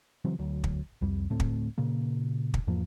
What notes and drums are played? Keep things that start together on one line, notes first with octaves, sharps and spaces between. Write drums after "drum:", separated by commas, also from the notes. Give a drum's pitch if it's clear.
C#3 E3 F#3 C4
D2 F#3
drum: kick
C2 F2 G3
D2 A2 A3 C4
drum: kick
A#2 C#3 A#3
drum: kick
E2 G#2 F3 A#3